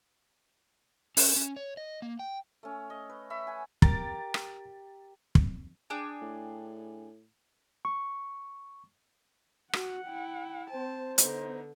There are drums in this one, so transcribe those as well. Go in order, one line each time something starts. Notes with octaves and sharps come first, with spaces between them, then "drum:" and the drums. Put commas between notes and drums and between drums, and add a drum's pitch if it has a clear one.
C#4, drum: open hi-hat
C#4
C#5
D#5
A#3
G5
A3 C#4
D#5
B4
E5 B5 C#6
F#5 G#5
G4 A#4 A#5 A6, drum: kick
drum: rim click
drum: kick
D4 G#4 G5
A2
C#6
F#4 F#5, drum: rim click
E4 G5
C4 C5 A5
D3 B3 D#4, drum: hi-hat